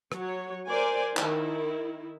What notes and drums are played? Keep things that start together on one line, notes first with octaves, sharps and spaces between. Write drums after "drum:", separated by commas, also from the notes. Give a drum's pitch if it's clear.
F#3 C#5, drum: rim click
A#4 C5 D5 G#5
D#3 E4, drum: clap